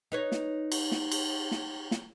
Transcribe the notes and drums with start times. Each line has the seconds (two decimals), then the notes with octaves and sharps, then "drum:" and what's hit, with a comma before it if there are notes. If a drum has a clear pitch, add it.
0.12 D#4 B4 C#5
0.32 drum: snare
0.72 drum: cymbal
0.92 drum: snare
1.12 drum: cymbal
1.51 drum: snare
1.91 drum: snare